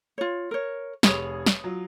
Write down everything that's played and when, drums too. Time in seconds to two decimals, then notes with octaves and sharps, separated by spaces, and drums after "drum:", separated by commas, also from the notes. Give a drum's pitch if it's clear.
0.18 F4 C#5
0.51 A#4 C#5
1.03 F1 G#4 B4 C#5 D#6, drum: snare
1.46 drum: snare
1.64 F#3 F4